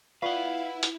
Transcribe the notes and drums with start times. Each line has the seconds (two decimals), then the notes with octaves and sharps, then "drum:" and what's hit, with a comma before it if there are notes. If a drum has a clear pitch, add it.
0.22 E4 F4 B4 D5 F5 F#5 C#6
0.83 drum: hi-hat